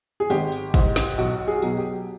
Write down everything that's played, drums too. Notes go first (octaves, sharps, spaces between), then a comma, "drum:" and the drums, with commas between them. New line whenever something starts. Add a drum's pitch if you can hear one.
G#4
G#1 G4, drum: tambourine
drum: tambourine
G#2 E3, drum: kick, tambourine
drum: snare
B1 F#4, drum: tambourine
G#4
B2 F#3, drum: tambourine
G4